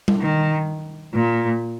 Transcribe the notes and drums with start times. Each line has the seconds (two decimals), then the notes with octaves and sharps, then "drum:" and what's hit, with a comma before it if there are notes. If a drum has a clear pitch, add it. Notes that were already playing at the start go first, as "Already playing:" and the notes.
0.08 drum: tom G3
0.21 D#3
1.14 A#2